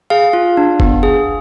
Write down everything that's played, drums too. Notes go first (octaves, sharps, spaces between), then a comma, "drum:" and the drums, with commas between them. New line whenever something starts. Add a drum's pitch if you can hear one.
G#4 F5
F4
D4
B3, drum: kick F#1
G#4